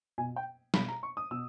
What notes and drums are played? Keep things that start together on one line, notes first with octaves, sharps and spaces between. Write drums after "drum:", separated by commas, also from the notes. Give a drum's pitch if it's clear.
B2 G#5
G5
B2 B5, drum: snare
A#5
C#6
D#6
B2 E6